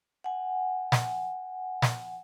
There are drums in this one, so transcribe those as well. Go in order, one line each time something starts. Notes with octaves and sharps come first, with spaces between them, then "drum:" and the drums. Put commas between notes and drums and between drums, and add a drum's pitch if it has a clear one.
F#5 G#5
drum: snare
drum: snare